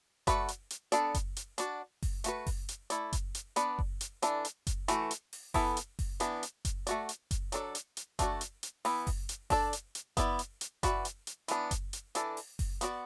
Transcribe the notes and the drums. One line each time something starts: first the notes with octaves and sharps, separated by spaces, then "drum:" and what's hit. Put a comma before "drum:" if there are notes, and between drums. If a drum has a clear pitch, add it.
A3 F#4 B4 D5, drum: kick F#1, hi-hat
drum: hi-hat
drum: hi-hat
B3 D4 A4 D5, drum: hi-hat
drum: kick F#1, hi-hat
drum: hi-hat
D4 F#4 D5, drum: hi-hat
drum: kick F#1, open hi-hat
A3 F#4 B4, drum: hi-hat
drum: kick F#1, open hi-hat
drum: hi-hat
A3 E4 D5, drum: hi-hat
drum: kick F#1, hi-hat
drum: hi-hat
B3 D4 B4 D5, drum: hi-hat
drum: kick F#1
drum: hi-hat
E3 D4 A4 D5, drum: hi-hat
drum: hi-hat
drum: kick F#1, hi-hat
E3 A3 F#4, drum: hi-hat
drum: hi-hat
drum: open hi-hat
E3 B3 E4 A4, drum: kick F#1, open hi-hat
drum: hi-hat
drum: kick F#1, open hi-hat
E3 B3 D4, drum: hi-hat
drum: hi-hat
drum: kick F#1, hi-hat
A3 F#4 D5, drum: hi-hat
drum: hi-hat
drum: kick F#1, hi-hat
F#3 D4 A4 D5, drum: hi-hat
drum: hi-hat
drum: hi-hat
A3 D4 F#4 D5, drum: kick F#1, hi-hat
drum: hi-hat
drum: hi-hat
E3 B3 E4, drum: open hi-hat
drum: kick F#1, open hi-hat
drum: hi-hat
D4 A4 D5, drum: kick F#1, open hi-hat
drum: hi-hat
drum: hi-hat
B3 E4 D5, drum: kick F#1, hi-hat
drum: hi-hat
drum: hi-hat
E3 B3 F#4 B4 D5, drum: kick F#1, hi-hat
drum: hi-hat
drum: hi-hat
E3 B3 D4, drum: hi-hat
drum: kick F#1, hi-hat
drum: hi-hat
E3 D4 A4 D5, drum: hi-hat
drum: open hi-hat
drum: kick F#1, open hi-hat
B3 F#4 A4 D5, drum: hi-hat